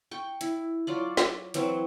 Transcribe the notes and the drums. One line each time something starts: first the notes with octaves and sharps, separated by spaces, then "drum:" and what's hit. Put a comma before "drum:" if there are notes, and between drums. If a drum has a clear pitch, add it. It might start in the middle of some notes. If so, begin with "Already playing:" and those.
G5 C#6
E4, drum: hi-hat
F#3 F4 D5
drum: snare
E3 F#3 C4, drum: hi-hat